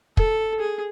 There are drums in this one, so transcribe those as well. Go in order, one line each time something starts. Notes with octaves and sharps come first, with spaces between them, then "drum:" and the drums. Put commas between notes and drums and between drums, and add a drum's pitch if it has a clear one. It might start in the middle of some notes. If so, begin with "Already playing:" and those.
A4, drum: kick
G#4